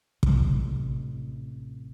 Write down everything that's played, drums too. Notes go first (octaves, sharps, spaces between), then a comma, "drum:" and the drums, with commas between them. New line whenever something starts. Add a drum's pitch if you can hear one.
A1 C3, drum: kick